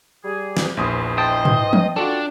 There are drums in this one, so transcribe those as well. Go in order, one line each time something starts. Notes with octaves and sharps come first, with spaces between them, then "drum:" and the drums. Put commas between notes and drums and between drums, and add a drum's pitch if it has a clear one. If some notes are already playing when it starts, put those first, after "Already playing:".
G3 G#4
drum: snare
A#1 E2 E3 C5 D#6
D#5 G5 A5
drum: tom G#2
drum: tom E3
D4 F4 F#4 A4